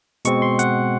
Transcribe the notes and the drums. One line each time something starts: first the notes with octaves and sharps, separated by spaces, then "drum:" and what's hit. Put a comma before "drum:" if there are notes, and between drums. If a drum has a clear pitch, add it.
B2 G#3 C4 C#6, drum: hi-hat
C6
F#5, drum: hi-hat